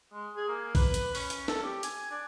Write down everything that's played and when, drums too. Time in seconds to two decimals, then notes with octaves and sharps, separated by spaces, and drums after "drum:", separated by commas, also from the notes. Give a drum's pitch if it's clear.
0.13 G#3
0.36 G#4
0.48 A#3
0.75 B4, drum: kick, open hi-hat
0.94 drum: hi-hat
1.15 C#4, drum: open hi-hat
1.30 drum: hi-hat
1.48 A4, drum: snare
1.63 G4
1.83 G#5, drum: hi-hat
2.10 D4